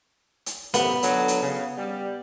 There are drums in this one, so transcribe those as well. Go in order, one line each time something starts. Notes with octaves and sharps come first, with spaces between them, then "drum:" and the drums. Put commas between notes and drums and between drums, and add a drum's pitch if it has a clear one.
drum: hi-hat
F#2 A2 C3 B3, drum: hi-hat
D3 F#3, drum: hi-hat
drum: hi-hat
C#3
G3